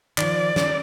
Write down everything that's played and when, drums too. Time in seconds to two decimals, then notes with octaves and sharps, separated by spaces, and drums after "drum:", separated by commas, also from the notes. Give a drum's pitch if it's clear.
0.18 D#3 F3 D5, drum: clap
0.56 C#4, drum: snare